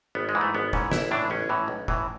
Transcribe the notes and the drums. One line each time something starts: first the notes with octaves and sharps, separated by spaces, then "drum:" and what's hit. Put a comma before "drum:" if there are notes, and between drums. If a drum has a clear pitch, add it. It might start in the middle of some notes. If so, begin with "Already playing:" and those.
G#1 B3
G#3
G#2 E3
A3
G#1 B3
G#2 E3 C#4, drum: kick
A1 E4, drum: snare
A2 E3 D4
A1 C#4
A2 E3
B1
A2 E3, drum: kick